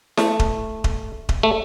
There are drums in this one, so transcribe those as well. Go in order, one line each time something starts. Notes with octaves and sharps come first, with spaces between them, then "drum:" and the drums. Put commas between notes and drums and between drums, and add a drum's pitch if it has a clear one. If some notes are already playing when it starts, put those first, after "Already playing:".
A3, drum: snare E4
drum: kick D#1
drum: kick D#1
drum: kick D#1
A3